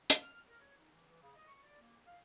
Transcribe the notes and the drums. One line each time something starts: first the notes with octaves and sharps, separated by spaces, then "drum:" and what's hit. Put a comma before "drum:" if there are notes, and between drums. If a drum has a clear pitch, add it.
drum: hi-hat
F6
A#4
C#5
D#4
E3
E3
C#3
D#5
C#6
D5
A#3
F5